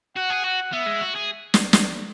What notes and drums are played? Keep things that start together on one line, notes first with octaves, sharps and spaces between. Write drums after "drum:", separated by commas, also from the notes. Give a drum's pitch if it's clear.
F#4 F#5
G#4
F#4 F#5
B3 E5
G#3
F#4
G#4
drum: snare
drum: snare